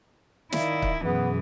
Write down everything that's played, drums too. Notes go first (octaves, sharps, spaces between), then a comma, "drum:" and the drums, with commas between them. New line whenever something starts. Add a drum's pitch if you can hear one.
D#3 E4 D5 E5 F5, drum: snare
drum: kick
F#2 B2 E3 B3 G#4